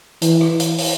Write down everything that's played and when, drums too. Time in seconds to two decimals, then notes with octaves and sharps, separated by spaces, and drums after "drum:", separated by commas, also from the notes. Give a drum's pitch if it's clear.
0.22 E3, drum: hi-hat
0.41 drum: rim click
0.60 drum: hi-hat
0.78 drum: open hi-hat